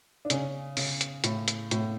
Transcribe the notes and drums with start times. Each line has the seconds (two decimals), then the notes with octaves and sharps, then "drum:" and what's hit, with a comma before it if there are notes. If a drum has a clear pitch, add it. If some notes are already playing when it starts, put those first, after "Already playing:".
0.25 D4
0.30 C#3 C#4, drum: hi-hat
0.77 C#3, drum: open hi-hat
1.01 drum: hi-hat
1.24 A2, drum: hi-hat
1.48 drum: hi-hat
1.71 A2, drum: hi-hat